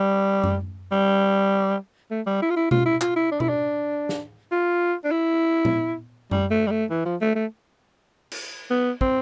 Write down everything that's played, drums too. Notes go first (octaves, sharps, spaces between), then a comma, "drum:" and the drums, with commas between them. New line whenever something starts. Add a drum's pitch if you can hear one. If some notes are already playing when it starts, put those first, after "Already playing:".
Already playing: G3
drum: tom F#2
G3
A3
G3
E4
F4
E4
F4, drum: tom B2
E4
F4, drum: clap
E4
D4
E4, drum: tom B2
D4
drum: snare
F4
D4
E4
drum: tom A#2
G3, drum: tom F#2
A3
G3
A3
E3
F3
A3
A3
drum: cymbal
B3
C4, drum: kick